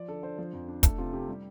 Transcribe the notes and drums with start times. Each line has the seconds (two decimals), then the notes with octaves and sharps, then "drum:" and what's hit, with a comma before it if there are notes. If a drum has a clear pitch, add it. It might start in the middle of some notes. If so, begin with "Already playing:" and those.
Already playing: F3 D5
0.08 D3 A4
0.23 D3 C5
0.38 F3
0.53 F2
0.68 D4
0.83 A3 A4, drum: kick, hi-hat
0.98 C3 F4
1.13 C3 G4
1.28 G3